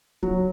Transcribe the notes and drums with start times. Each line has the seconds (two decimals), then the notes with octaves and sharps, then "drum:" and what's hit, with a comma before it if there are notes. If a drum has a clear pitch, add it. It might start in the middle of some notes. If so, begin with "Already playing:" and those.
0.23 F#3, drum: kick